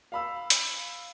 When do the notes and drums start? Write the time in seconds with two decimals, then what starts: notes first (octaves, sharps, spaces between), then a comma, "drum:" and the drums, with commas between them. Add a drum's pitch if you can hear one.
0.12 F5 B5 E6
0.50 drum: hi-hat